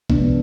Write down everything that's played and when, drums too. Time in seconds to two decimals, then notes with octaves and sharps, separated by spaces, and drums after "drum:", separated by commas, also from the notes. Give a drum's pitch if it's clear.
0.10 C3 F3 G#3 B3 D4, drum: kick B1